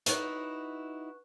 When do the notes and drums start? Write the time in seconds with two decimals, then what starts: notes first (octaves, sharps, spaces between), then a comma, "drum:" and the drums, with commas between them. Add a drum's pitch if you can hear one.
0.06 D#4 E4 F#4 B4 C#6 F#6, drum: hi-hat